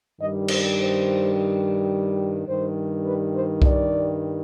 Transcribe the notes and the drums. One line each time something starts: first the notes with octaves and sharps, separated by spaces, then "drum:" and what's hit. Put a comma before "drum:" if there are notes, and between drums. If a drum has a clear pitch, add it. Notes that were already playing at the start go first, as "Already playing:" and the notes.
G2 D#3 G3 D#5
C5, drum: cymbal
C5
G2 D#3 G3 C5
B4
C5
D5, drum: kick C2